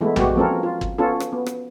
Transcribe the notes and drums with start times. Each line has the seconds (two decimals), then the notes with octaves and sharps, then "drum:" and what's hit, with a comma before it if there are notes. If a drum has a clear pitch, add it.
0.01 E3 G#3 A3 B3 E4
0.16 G3 G#3 B3 F#4 G4, drum: tom A#1
0.36 F3 A#3 C4 C#4 A4 A#4
0.63 F4
0.81 drum: kick
0.98 B3 C#4 F4 A4
1.20 drum: rim click
1.33 B3
1.46 drum: rim click